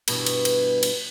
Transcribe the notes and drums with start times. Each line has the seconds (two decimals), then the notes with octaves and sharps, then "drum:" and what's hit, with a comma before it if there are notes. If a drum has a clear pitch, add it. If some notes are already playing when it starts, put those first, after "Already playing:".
0.08 G2 B2 E3, drum: cymbal
0.26 drum: cymbal
0.45 drum: cymbal
0.83 drum: cymbal